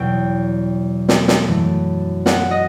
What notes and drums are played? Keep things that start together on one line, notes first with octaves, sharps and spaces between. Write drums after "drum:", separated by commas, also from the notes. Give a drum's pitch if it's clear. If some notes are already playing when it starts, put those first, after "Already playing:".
Already playing: E2 B2 F#3 G5
drum: snare
drum: snare
F#2 E3 A3
F#5, drum: snare
D#5